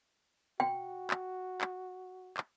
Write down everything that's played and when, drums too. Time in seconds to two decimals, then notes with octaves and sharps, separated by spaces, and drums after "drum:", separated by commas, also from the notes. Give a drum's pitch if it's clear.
0.60 F#4 G5
1.11 drum: clap
1.61 drum: clap
2.37 drum: clap